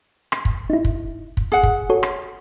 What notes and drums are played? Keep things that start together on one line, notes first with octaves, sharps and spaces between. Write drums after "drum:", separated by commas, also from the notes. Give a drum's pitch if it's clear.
drum: rim click
drum: kick
D#4 E4
drum: kick
drum: kick
G#4 F#5
drum: kick
F#4 A4 C#5
drum: rim click